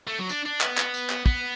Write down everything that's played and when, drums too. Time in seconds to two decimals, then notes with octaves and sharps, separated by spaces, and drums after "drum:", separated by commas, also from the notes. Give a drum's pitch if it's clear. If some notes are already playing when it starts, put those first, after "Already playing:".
0.07 A3
0.19 F#3
0.29 D4, drum: tambourine
0.45 D4
0.61 B3, drum: clap
0.78 drum: clap
0.94 drum: tambourine
1.10 drum: clap
1.26 B3, drum: kick